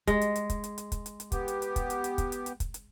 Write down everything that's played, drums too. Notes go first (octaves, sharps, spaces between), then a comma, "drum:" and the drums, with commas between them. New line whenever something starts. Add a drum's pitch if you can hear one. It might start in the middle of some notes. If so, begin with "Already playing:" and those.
G#3, drum: kick, hi-hat
drum: hi-hat
drum: hi-hat
drum: kick, hi-hat
drum: hi-hat
drum: hi-hat
drum: kick, hi-hat
drum: hi-hat
drum: hi-hat
B3 G4, drum: kick, hi-hat
drum: hi-hat
drum: hi-hat
drum: kick, hi-hat
drum: hi-hat
drum: hi-hat
drum: kick, hi-hat
drum: hi-hat
drum: hi-hat
drum: kick, hi-hat
drum: hi-hat